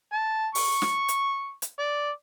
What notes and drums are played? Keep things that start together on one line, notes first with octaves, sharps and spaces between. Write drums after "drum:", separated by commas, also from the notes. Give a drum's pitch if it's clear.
A5
C#6, drum: open hi-hat
drum: snare
drum: hi-hat
drum: hi-hat
D5